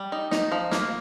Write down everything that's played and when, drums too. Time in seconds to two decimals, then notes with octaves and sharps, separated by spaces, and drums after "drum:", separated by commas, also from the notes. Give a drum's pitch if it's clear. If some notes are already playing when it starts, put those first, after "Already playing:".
Already playing: G3
0.12 D#4
0.31 D#4, drum: snare
0.52 F3
0.72 A#3, drum: snare